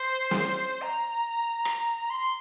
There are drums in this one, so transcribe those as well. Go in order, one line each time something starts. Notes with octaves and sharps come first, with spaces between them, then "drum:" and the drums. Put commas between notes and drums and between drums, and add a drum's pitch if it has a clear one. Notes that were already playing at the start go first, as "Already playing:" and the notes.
Already playing: C5
drum: snare
A#5
drum: rim click
C6